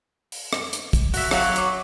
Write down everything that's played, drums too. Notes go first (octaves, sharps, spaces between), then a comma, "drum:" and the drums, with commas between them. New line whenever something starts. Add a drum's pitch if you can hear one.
drum: open hi-hat
drum: rim click
drum: hi-hat
drum: kick, hi-hat
F#4 E5, drum: open hi-hat
F#3 C#5 F5, drum: rim click
C#6 D6, drum: hi-hat